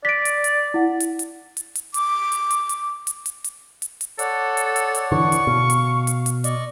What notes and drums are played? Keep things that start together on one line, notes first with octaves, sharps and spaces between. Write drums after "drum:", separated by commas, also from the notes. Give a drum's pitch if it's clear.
D5 B6 D7
drum: hi-hat
drum: hi-hat
E4 F#5
drum: hi-hat
drum: hi-hat
drum: hi-hat
drum: hi-hat
D6, drum: hi-hat
drum: hi-hat
drum: hi-hat
drum: hi-hat
drum: hi-hat
drum: hi-hat
drum: hi-hat
drum: hi-hat
drum: hi-hat
A4 C#5 D5 F#5, drum: hi-hat
drum: hi-hat
drum: hi-hat
drum: hi-hat
D3 E3 C#6
drum: hi-hat
B2 F5
drum: hi-hat
drum: hi-hat
drum: hi-hat
D5 D#5 C#6, drum: hi-hat